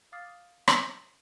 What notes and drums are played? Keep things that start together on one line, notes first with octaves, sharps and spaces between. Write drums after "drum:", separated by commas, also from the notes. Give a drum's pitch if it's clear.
F5 D6 D#6 F6 A6 C7
drum: rim click